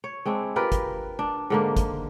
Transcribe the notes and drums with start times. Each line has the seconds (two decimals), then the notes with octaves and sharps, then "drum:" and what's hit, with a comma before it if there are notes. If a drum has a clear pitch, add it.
0.04 C#5
0.26 G#3 C4 D4 E4
0.56 F4 G4 A#4 B4
0.72 drum: kick, hi-hat
1.19 D4
1.50 G#2 D3 A#3
1.77 drum: kick, hi-hat